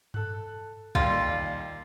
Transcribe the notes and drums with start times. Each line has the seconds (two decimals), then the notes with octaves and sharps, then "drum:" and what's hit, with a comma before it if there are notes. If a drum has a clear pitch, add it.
0.14 A4 F#6, drum: tom G2
0.95 D#2 A#2 G3 F4, drum: kick